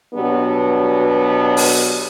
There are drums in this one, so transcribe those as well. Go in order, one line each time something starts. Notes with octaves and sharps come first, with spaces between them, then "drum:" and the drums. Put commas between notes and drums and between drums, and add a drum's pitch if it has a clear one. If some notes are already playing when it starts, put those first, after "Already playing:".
B2 F#3 B3 D4 G4
drum: open hi-hat